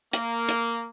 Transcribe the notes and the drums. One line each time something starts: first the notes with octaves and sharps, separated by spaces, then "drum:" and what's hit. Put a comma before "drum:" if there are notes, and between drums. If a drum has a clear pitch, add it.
A#3, drum: hi-hat
drum: hi-hat